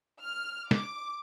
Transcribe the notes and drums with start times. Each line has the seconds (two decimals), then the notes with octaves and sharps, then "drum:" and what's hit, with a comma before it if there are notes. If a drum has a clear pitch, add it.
0.24 F6
0.71 D6, drum: snare